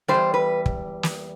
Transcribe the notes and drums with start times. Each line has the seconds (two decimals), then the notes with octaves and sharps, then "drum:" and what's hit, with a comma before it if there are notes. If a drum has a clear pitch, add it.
0.08 B2 G3 C5
0.14 E2
0.34 B4
0.66 drum: kick
1.03 drum: snare